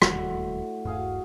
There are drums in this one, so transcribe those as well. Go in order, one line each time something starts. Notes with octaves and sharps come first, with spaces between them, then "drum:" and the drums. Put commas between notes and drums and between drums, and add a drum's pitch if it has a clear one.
E1 D#2 A2 G3 F#4, drum: rim click
D#1 G2 F#4 G#4 F5